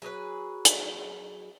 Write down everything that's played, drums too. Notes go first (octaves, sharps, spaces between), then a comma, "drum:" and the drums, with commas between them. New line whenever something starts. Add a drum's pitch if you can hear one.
F#3 G#4 A#4 B4
drum: hi-hat